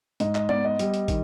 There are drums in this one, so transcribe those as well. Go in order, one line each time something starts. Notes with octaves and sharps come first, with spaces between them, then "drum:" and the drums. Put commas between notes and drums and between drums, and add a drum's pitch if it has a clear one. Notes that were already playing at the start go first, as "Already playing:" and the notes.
G#2 D#5, drum: hi-hat
D#5, drum: clap
B3 D5, drum: tom
D#5
G3, drum: hi-hat
drum: hi-hat
D#3, drum: kick, hi-hat